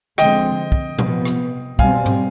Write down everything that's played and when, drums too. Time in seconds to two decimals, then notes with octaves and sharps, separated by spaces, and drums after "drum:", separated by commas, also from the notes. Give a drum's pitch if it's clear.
0.18 D3 F3 G#3 C4 D#5 G5, drum: rim click
0.72 drum: kick
0.99 C3 F3 B3, drum: tom A#2
1.25 drum: rim click
1.79 B2 G3 C4 F5 G#5, drum: kick
2.06 drum: tom G#2